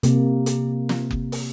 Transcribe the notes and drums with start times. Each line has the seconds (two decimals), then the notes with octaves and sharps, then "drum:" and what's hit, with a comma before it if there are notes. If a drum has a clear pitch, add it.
0.03 C3 A#3, drum: hi-hat
0.46 drum: hi-hat
0.89 drum: snare
1.11 drum: kick F#1
1.32 drum: open hi-hat